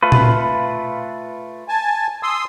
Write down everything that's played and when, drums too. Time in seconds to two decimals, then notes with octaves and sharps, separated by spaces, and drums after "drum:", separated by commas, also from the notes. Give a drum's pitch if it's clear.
0.03 A3 F4 B4
0.12 drum: tom A#2
1.69 G#5 A5
2.23 C6 D#6 E6